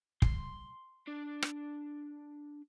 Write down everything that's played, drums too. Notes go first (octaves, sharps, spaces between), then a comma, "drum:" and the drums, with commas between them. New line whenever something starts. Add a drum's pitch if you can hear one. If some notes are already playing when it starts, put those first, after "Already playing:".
C6, drum: kick
D4
drum: rim click